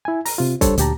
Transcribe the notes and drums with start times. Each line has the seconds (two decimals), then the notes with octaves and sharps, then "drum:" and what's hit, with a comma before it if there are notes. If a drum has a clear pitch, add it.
0.05 E4 G#5
0.26 A#5, drum: open hi-hat
0.38 C3 F4
0.61 G3 D4 A4 C5 C#5, drum: kick C2, hi-hat
0.78 D2 A#2 G4 A5 A#5, drum: hi-hat